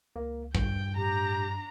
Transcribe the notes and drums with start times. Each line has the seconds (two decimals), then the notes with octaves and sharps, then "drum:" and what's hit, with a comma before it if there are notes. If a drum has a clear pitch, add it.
0.16 C#2 A#3
0.55 G2 G5, drum: kick
0.97 A2 D4 G4 A#5